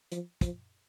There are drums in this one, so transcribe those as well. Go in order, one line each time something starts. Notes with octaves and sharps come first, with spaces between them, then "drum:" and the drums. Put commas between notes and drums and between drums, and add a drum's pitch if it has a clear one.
F3, drum: hi-hat
F3, drum: kick, hi-hat